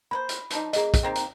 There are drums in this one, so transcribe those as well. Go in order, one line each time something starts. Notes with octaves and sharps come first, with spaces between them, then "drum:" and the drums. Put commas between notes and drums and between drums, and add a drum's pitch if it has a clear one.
A#3 B4 C5 B5
drum: hi-hat
F3 D4 D#4, drum: hi-hat
C#3 A#3 G#4 D#5, drum: hi-hat
drum: kick, hi-hat
D#3 A#3 C4
drum: hi-hat